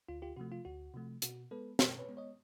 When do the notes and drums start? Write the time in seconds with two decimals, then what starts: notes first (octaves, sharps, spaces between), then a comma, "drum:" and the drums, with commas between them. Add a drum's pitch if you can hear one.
0.08 D2 F4
0.22 F4 G4
0.36 C3 F3 A3 F#4
0.52 F4
0.65 D2 F#4
0.94 C3 F3 A3
1.22 B2 F#4, drum: hi-hat
1.51 G#3 B3 A4 B4
1.79 B2 A#4 C5, drum: snare
1.99 B4 C#5
2.09 G#3 B3
2.17 C#5 D#5